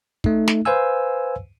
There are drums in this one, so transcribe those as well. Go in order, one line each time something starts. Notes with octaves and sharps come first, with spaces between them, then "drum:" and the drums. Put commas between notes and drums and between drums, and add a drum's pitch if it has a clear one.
A3 D#4, drum: kick
drum: snare
B4 C5 F5 G#5 E6